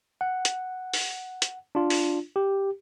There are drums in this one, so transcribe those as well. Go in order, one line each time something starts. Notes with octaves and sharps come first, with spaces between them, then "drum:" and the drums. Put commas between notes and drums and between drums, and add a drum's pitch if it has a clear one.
F#5
drum: hi-hat
drum: open hi-hat
drum: hi-hat
D4 F4
drum: open hi-hat
G4